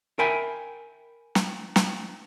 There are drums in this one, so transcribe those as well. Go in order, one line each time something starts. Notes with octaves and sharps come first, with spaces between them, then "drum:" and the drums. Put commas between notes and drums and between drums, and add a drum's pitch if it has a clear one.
A#4 E5 G5 G#5 B5
drum: snare
drum: snare